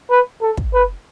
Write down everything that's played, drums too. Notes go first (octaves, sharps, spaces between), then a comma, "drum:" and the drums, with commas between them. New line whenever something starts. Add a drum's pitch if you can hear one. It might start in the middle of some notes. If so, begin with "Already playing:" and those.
B4
A4
drum: kick
B4